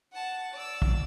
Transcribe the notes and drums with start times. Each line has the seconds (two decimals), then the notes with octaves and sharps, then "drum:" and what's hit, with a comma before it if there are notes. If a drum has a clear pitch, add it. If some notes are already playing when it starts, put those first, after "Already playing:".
0.13 F#5 A5
0.54 D5 E6
0.82 drum: kick